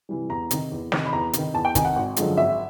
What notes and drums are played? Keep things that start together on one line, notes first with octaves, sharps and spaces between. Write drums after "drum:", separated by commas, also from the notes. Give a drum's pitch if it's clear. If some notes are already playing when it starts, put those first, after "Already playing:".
C3 E3 G3
E2 A#5
C3 D#3, drum: hi-hat
E2
C3 D#3, drum: snare
B5
E2 A#5
C3 D#3, drum: hi-hat
E2 A5
G5
C3 D#3 G#5, drum: kick, hi-hat
F#5
G#1
F#2 D3 F3 G#3, drum: hi-hat
G#1 E5